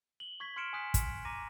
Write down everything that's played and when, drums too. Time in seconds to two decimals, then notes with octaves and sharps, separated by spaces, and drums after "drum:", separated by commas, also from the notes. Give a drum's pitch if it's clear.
0.20 F#7 G7
0.40 C#6 G#6 B6
0.56 C6 F6 G#6 C#7 D7 E7
0.73 G#5 D#6 F#6 B6
0.94 drum: kick, hi-hat
1.25 A#5 D6 A#6 D#7